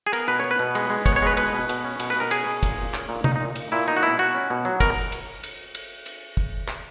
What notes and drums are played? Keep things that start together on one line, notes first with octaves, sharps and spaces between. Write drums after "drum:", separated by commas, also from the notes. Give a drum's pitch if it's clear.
G#4
B3 A#4, drum: cymbal
B2 B4
B3 C#5
B4
B2
G#3, drum: cymbal
G#3
B3 C#5, drum: kick, cymbal
C#5
G#3 B4
B2 B4, drum: cymbal
B2
B2, drum: cymbal
C#4
B2, drum: cymbal
B4
B2 A#4
C#4 G#4, drum: cymbal
B2
A#2, drum: kick, cymbal
A#2
C#4, drum: clap
A#2
A#2 D#4, drum: tom
D#4
A#2
A#2, drum: cymbal
A#2 E4
B2 D#4
F#4
B2 E4
B2 F#4
C#4
B2
F#3
B2 A#4, drum: kick, cymbal
drum: cymbal
drum: cymbal
drum: cymbal
drum: cymbal
drum: kick
drum: clap